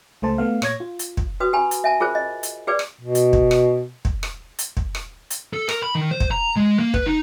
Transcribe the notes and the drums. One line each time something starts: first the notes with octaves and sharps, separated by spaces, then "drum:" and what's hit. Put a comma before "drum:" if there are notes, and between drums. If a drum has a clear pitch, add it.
C#2 A3 C5 A5
A3 B3 F5
A#2 C#5 G#6 A#6, drum: rim click
F4
drum: hi-hat
drum: kick
F#4 B4 D#6
G4 G#5 B5
drum: hi-hat
E5 G#5 A5
F4 G#4 A#4 C5
D#5
drum: hi-hat
G4 G#4 B4 D5 D6
drum: rim click
B2
drum: hi-hat
drum: kick
drum: rim click
drum: kick
drum: rim click
drum: hi-hat
drum: kick
drum: rim click
drum: hi-hat
A4
A#4, drum: rim click
B5
D#3
C5
drum: kick
A#5
G#3
A#3
B4, drum: kick
D#4